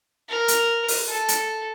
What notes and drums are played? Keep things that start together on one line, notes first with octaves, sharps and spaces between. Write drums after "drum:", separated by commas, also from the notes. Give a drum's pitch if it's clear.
A#4
drum: hi-hat
drum: open hi-hat
A4
drum: hi-hat